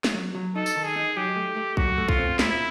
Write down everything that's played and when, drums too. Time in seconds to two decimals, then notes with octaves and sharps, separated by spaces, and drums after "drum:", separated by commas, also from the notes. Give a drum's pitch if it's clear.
0.04 drum: snare
0.14 F#3
0.35 F#3
0.56 D#4 A4
0.66 drum: tambourine
0.76 D#3
0.85 G#4
0.96 D#4
1.16 F#3 G4
1.36 A3
1.57 A3
1.77 F#3 F#4, drum: kick B1
1.98 A3
2.09 F4, drum: kick B1
2.19 C4
2.39 A#2 E4, drum: snare